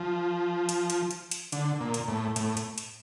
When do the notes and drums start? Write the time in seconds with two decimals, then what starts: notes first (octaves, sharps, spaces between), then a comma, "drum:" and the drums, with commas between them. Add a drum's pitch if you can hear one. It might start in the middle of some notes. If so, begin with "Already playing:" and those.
Already playing: F3
0.69 drum: hi-hat
0.90 drum: hi-hat
1.11 drum: hi-hat
1.31 drum: hi-hat
1.52 D3, drum: hi-hat
1.80 A#2
1.94 drum: hi-hat
2.08 A2
2.36 A2, drum: hi-hat
2.57 drum: hi-hat
2.78 drum: hi-hat